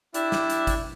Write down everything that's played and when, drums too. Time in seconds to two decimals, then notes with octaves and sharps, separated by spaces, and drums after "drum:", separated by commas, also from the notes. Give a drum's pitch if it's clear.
0.14 D4 E4 G4 D5, drum: hi-hat
0.32 drum: snare
0.50 drum: hi-hat
0.67 drum: kick G#1, hi-hat